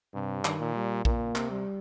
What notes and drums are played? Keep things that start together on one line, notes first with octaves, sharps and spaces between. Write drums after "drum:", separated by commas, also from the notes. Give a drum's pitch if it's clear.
G2 C3
D#3, drum: clap
A#2
G3
A#2 A#3, drum: kick A#1
C3, drum: clap
G3